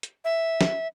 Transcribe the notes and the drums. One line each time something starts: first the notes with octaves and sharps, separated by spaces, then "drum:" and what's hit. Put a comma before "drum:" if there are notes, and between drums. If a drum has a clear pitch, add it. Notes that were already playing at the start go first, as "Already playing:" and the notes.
drum: hi-hat
E5
drum: snare